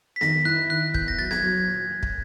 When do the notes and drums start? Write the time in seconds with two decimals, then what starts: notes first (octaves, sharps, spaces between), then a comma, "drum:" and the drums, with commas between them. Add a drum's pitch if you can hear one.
0.16 B6
0.21 D#3 A#6, drum: snare B3
0.45 E4 F#6
0.70 D#3 F#6
0.94 B3 G6, drum: kick
1.08 A#6
1.18 F#3 A6
1.31 G#6, drum: snare B3
1.42 F#3
1.67 A#2
1.90 A#3
2.03 drum: kick